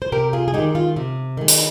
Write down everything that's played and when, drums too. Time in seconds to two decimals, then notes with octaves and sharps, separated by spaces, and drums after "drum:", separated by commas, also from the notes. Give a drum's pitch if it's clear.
0.02 C5
0.12 C3 G4 A#4
0.33 F4 G#4
0.48 G#4
0.53 D#3 G#3 D#4 G4
0.75 F4
0.96 C3
1.37 D#3 G#3
1.48 drum: hi-hat